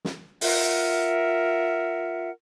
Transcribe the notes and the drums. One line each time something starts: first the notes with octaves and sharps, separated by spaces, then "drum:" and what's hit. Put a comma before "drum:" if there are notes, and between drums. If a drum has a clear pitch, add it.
drum: snare
F4 A#4 E5 F#5, drum: open hi-hat